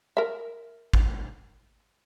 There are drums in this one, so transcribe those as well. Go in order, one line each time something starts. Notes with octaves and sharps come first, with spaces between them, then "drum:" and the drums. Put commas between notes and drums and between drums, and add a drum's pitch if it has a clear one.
A#4 E5
drum: kick